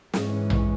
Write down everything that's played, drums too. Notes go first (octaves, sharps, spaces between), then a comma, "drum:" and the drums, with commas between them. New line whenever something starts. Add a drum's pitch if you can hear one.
G#2 E3 G#3 C#4, drum: snare
drum: tom A#1